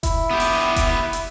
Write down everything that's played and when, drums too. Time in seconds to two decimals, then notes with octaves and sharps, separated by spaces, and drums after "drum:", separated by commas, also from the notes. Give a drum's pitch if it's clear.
0.03 E4, drum: kick F1, hi-hat
0.31 B3 G4
0.40 drum: open hi-hat
0.76 drum: kick F1, hi-hat
1.13 drum: hi-hat